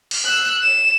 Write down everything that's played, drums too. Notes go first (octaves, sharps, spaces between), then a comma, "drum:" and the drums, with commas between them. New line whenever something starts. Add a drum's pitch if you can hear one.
drum: cymbal
E6 F#6
E7